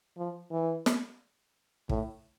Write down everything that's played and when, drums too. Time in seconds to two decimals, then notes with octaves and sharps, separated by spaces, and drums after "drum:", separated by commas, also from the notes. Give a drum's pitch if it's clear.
0.18 F3
0.51 E3
0.86 drum: snare
1.89 A2, drum: kick